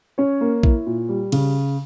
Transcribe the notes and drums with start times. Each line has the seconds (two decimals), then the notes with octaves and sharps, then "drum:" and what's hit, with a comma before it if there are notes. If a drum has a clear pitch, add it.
0.18 C#4 C#5
0.41 A#3
0.63 E4, drum: kick A#1
0.86 A#2
1.09 G3
1.32 C#3, drum: cymbal